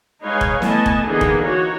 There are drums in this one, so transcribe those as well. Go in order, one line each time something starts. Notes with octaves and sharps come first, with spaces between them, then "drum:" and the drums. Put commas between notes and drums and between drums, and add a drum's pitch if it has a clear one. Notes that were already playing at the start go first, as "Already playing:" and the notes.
G#3 D#4 B4 C#5 F5 G#5
drum: kick F1
E3 A3 B3 D#5 G#5 A5, drum: snare
drum: kick F1
D3 E3 A#3 B3 D#4 G#4
drum: kick F1
E3 D#4 F#4 C#5